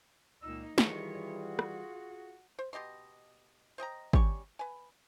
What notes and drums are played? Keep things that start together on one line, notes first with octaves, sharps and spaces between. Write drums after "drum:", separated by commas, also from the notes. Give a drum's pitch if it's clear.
C#2 A#2 A#3 D#4 E6
D#3 E3 G3 F4 G#4 C#5, drum: snare
F#4
drum: rim click
C5
B2 G4 D#5 C6
C5 D#5 G5 A#5
G3 C#4 G4 C#6, drum: kick
B4 G#5